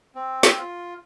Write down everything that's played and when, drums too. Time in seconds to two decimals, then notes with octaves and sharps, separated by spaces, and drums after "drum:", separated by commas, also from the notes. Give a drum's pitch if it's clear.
0.15 C4
0.43 drum: snare
0.57 F4